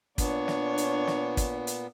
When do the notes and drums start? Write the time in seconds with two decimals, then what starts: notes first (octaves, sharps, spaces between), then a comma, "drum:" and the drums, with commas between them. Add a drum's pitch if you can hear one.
0.18 A#2 B3 D4 C#5, drum: kick, hi-hat
0.48 drum: snare
0.78 drum: hi-hat
1.07 drum: snare
1.37 drum: kick, hi-hat
1.67 drum: hi-hat